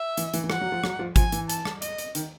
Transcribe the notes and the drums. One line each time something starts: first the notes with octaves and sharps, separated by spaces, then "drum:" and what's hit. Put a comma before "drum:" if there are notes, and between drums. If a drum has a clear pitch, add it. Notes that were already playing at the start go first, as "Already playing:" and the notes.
Already playing: E5
E3, drum: hi-hat
E3, drum: hi-hat
E3
F3 F#5, drum: rim click
F#3
F3
F#3, drum: rim click
F3
F3 G#5, drum: kick G#1, hi-hat
E3, drum: hi-hat
A5, drum: hi-hat
drum: rim click
D#5, drum: hi-hat
drum: hi-hat
D#3, drum: hi-hat